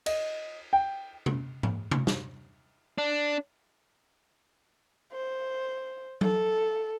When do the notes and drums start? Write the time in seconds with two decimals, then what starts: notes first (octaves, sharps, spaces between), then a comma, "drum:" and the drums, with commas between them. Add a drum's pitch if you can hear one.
0.06 D#5, drum: cymbal
0.73 G5
1.26 drum: tom C3
1.63 drum: tom G#2
1.91 drum: tom C3
2.07 drum: snare
2.98 D4
5.13 C5
6.21 A4, drum: tom F#3